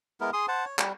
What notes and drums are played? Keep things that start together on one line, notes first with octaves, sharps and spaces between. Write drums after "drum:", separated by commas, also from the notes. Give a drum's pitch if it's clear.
G#3 B3 E4 A#4
G#4 C6 D#6
C5 F#5 A5
C#5
G3, drum: clap